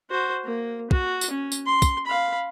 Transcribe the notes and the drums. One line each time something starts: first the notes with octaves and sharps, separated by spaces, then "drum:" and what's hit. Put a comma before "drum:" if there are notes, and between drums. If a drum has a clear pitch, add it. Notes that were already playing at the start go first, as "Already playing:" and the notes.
F#4 C5
A#3
F#4, drum: kick
drum: tambourine
C#4
drum: tambourine
C6
drum: kick, tambourine
F5 B5